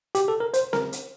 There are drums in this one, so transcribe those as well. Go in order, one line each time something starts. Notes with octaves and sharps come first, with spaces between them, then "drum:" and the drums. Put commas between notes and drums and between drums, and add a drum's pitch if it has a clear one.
G4, drum: hi-hat
A4
A#4
C5, drum: hi-hat
A#4, drum: snare C4
drum: hi-hat